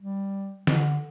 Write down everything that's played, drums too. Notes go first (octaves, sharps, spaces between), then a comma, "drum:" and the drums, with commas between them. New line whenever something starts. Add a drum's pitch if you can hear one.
G3
D3, drum: snare